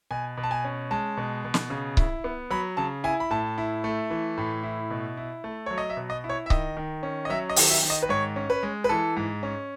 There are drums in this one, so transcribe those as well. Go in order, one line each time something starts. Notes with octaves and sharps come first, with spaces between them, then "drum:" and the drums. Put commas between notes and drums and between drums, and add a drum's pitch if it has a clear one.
B2 G#5
B2
A5
G#5
C#4
G#3 A5
B2
B2
drum: snare
C#3
E4, drum: kick C#1
B3
F#3 B5
C#3 A5
E4 G#5
B5
A2 A5
E4
A3
E3
A2
E4
B2
E4
A3
F#3 C#5
D#5
E5
B2
D#5
E4
C#5
E5
D#3 D#5, drum: kick C#1
D#3
C#4
D#5
F#3 E5
D#5
D#3, drum: open hi-hat
E5
D#3
D#5
B4
G#2 C#5
C#4
B4
G#3
B4
E3 A4
G#2
C#4